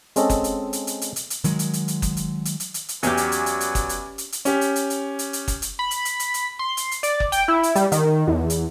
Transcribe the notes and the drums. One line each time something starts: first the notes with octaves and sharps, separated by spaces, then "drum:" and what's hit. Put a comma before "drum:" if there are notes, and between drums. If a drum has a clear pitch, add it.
G#3 C4 C#4 A4 D#5, drum: hi-hat
drum: kick F#1, hi-hat
drum: hi-hat
drum: hi-hat
drum: hi-hat
drum: hi-hat
drum: hi-hat
drum: hi-hat
D#3 F#3 G#3, drum: hi-hat
drum: hi-hat
drum: hi-hat
drum: hi-hat
drum: kick F#1, hi-hat
drum: hi-hat
drum: hi-hat
drum: hi-hat
drum: hi-hat
drum: hi-hat
E2 F#3 C#4 G4 B4 D5 G#5, drum: hi-hat
drum: hi-hat
drum: hi-hat
drum: hi-hat
drum: hi-hat
drum: kick F#1, hi-hat
drum: hi-hat
drum: hi-hat
drum: hi-hat
C#4 G4, drum: hi-hat
drum: hi-hat
drum: hi-hat
drum: hi-hat
drum: hi-hat
drum: hi-hat
drum: kick F#1, hi-hat
drum: hi-hat
B5
drum: hi-hat
drum: hi-hat
drum: hi-hat
drum: hi-hat
C6
drum: hi-hat
drum: hi-hat
D5, drum: hi-hat
drum: kick F#1
G5, drum: hi-hat
E4
drum: hi-hat
G3, drum: hi-hat
D#3, drum: hi-hat
E2
drum: hi-hat